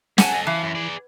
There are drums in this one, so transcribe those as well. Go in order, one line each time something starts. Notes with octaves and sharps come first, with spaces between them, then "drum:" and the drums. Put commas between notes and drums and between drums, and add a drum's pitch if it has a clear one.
G#3 F#5 G#5 A5, drum: snare
A4 D#5
E3 F5 A5
F#2
G#4 D5